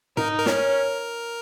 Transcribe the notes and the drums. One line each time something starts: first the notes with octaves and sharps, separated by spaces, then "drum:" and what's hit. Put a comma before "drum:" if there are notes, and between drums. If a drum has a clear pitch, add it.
D#4 A#4, drum: tom G#2
A#4
C#4, drum: snare